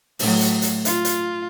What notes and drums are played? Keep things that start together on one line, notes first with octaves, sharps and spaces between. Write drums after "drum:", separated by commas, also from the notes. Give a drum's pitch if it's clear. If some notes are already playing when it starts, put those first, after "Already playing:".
A2 F#3, drum: open hi-hat
drum: hi-hat
drum: hi-hat
F4, drum: hi-hat
drum: hi-hat